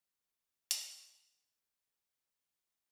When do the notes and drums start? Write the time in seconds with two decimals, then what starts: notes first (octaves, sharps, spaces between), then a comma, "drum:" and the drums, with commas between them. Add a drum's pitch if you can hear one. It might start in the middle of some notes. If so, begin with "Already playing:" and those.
0.14 A4 G5
0.71 drum: hi-hat
1.78 F3 A#4